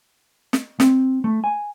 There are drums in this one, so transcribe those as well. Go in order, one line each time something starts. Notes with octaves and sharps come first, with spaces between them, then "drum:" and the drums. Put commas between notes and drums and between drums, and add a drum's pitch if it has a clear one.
drum: snare
C4, drum: snare
A3
G#5